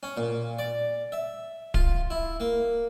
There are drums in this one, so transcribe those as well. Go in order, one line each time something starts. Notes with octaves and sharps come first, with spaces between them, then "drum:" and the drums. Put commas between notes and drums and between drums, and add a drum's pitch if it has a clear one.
C#4
A#2
D5
E5
F4, drum: kick D1
E4
A#3